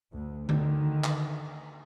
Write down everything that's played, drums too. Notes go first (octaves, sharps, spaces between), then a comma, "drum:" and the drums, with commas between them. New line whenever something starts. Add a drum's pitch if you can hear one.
D2
D3 D#3, drum: tom D3
drum: clap